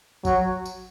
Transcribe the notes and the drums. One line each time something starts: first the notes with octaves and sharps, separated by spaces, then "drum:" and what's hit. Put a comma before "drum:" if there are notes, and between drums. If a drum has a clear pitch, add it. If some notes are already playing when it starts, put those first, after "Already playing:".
F#3, drum: kick G#1, tambourine
drum: tambourine